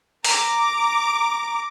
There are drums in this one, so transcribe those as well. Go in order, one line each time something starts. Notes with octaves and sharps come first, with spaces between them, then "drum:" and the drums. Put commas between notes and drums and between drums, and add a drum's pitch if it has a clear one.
A#5 D6, drum: open hi-hat